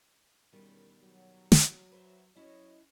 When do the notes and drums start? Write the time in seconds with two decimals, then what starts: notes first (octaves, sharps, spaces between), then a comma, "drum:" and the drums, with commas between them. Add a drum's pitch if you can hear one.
0.53 E2 B2 D#3 G3 C#4 A#4
1.00 F#3
1.52 drum: snare
1.92 B4 C5 E5
2.36 F#3 C#4 E4 C#5 D#5